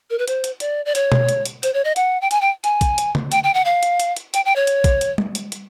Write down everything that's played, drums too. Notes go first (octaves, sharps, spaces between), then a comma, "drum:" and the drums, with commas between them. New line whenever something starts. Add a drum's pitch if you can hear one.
A#4
B4
C5, drum: hi-hat
drum: hi-hat
D5, drum: hi-hat
D5
C#5, drum: hi-hat
drum: tom B2
drum: hi-hat
drum: hi-hat
C5, drum: hi-hat
C#5
D#5
F#5, drum: hi-hat
G5
G#5, drum: hi-hat
G5
G#5, drum: hi-hat
drum: kick, hi-hat
drum: hi-hat
drum: tom C#3
G5, drum: hi-hat
G5
F#5
F5
drum: hi-hat
drum: hi-hat
drum: hi-hat
G5, drum: hi-hat
G5
C#5
drum: hi-hat
drum: kick, hi-hat
drum: hi-hat
drum: tom
drum: hi-hat
drum: hi-hat